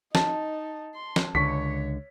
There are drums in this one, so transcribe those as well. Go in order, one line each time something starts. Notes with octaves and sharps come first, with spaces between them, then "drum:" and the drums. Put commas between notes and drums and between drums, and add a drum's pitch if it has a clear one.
D#4 A5, drum: snare
C6
drum: snare
C#2 D3 C#5 C#6 B6